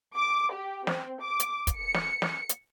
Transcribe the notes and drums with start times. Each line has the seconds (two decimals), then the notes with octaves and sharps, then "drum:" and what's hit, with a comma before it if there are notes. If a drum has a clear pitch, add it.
0.16 D6
0.53 G4
0.87 C4, drum: snare
1.21 D6
1.40 drum: hi-hat
1.67 drum: kick, hi-hat
1.77 C#7
1.94 drum: snare
2.22 drum: snare
2.49 drum: hi-hat